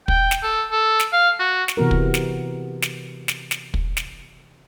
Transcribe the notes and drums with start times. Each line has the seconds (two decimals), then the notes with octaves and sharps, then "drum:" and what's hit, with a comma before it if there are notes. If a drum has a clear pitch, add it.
0.08 G5, drum: kick
0.31 drum: snare
0.43 A4
0.72 A4
1.00 drum: snare
1.13 F5
1.39 F#4
1.68 drum: snare
1.77 C3 E3 B3 F#4 A#4
1.91 drum: kick
2.14 drum: snare
2.82 drum: snare
3.28 drum: snare
3.51 drum: snare
3.74 drum: kick
3.97 drum: snare